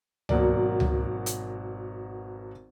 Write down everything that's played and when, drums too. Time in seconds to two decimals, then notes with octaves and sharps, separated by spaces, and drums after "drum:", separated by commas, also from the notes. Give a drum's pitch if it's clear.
0.29 G#1 B2 F#3 A#3 D5, drum: tom C#2
0.80 drum: tom C#2
1.26 drum: hi-hat